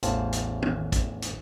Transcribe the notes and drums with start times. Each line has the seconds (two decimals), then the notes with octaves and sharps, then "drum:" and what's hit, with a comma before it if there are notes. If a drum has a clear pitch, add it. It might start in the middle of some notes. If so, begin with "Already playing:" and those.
0.03 A1 E2 C5 F5 A5, drum: hi-hat
0.33 drum: hi-hat
0.62 drum: tom
0.92 drum: kick, hi-hat
1.22 drum: hi-hat